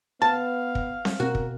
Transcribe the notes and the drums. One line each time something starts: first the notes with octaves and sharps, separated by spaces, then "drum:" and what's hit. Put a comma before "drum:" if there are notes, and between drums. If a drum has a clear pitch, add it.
B3 F5 A5
drum: kick
drum: snare C4
B2 C4 F#4 A#4
drum: kick